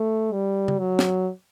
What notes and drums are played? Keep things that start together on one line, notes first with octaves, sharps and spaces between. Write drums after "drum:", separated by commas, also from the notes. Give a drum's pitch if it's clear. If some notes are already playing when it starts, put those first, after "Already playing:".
Already playing: A3
G3
drum: tom C#3
F#3
drum: snare